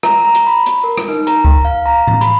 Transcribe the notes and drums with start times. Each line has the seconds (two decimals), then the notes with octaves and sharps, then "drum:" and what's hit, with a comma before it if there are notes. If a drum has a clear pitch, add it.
0.03 A#5, drum: rim click
0.25 A#5
0.35 drum: hi-hat
0.47 B5
0.66 drum: hi-hat
0.84 A#4
0.98 drum: rim click
1.08 D#4
1.27 A#5, drum: hi-hat
1.45 drum: kick C#2
1.65 F5
1.86 A#5
2.07 drum: tom A2
2.21 B5, drum: hi-hat